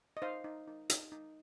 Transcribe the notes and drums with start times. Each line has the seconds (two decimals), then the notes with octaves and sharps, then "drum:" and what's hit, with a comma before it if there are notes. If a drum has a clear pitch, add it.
0.17 D#5
0.22 D#4 C5 F5
0.44 D#4
0.68 D#4
0.90 D#4, drum: hi-hat
1.12 D#4